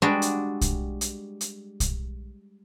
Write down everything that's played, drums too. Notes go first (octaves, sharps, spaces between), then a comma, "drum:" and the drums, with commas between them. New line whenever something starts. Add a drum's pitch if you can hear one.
G3 G#3 D4 F#4
drum: hi-hat
drum: kick B1, hi-hat
drum: hi-hat
drum: hi-hat
drum: kick B1, hi-hat